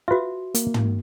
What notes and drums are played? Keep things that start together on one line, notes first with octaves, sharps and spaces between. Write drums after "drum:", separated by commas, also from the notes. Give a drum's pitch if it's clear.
F4 F#4 B4 E5
A#3, drum: hi-hat
drum: tom